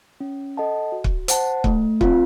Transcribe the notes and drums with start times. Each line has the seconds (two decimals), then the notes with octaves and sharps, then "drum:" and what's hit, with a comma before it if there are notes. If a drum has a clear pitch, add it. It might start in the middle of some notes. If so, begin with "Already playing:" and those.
0.20 C#4
0.57 A4 D#5 F#5 A5
0.92 F#4
1.04 drum: kick
1.28 C5 F#5 A5, drum: hi-hat
1.64 A3, drum: kick
2.01 C4 F4, drum: kick